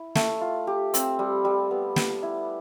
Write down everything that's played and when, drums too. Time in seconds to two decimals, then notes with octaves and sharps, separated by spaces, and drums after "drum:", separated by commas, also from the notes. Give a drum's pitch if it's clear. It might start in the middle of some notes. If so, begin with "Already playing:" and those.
Already playing: E4
0.15 A3, drum: snare
0.41 F4
0.67 G4
0.94 C4, drum: hi-hat
1.19 G3
1.45 G3
1.71 B3
1.96 B3, drum: snare
2.23 E4